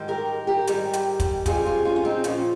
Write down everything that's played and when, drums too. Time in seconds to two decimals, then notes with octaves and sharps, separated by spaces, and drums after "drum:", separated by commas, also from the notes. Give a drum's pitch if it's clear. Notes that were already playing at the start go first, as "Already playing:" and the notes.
Already playing: G#2 D#3 G3
0.08 G4 A#4
0.47 G4 A#4
0.67 G#2 D#3 G3, drum: hi-hat
0.93 drum: hi-hat
1.20 drum: kick, hi-hat
1.46 F2 C#3 G3 F4 G#4, drum: kick, hi-hat
1.65 F4 G#4
1.85 C#4 F4
1.96 F4
2.05 C4 D#4
2.24 A#2 F3 C#4 F4, drum: hi-hat